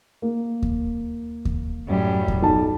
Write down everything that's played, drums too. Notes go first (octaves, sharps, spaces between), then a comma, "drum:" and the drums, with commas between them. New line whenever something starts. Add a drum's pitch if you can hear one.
A#3
drum: kick D#2
drum: kick D#2
F#2 A2 G3
drum: kick D#2
B1 A5